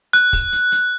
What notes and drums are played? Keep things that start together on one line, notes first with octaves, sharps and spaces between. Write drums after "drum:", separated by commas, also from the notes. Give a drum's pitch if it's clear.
F#6, drum: hi-hat
drum: kick, open hi-hat
drum: hi-hat
drum: hi-hat